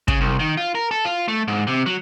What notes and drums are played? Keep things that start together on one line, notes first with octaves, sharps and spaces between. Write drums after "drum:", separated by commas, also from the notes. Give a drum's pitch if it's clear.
C#3, drum: kick
C2
D#3
F4
A#4
A4
F4
A3
G#2
C3
F#3